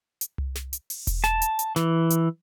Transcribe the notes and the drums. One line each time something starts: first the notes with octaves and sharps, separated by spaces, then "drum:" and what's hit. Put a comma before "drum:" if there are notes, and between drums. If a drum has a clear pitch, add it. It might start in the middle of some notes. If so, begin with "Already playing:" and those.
drum: hi-hat
drum: tom C2
drum: snare
drum: hi-hat
drum: open hi-hat
drum: kick E1, hi-hat
A5, drum: snare
drum: hi-hat
drum: hi-hat
E3, drum: snare
drum: hi-hat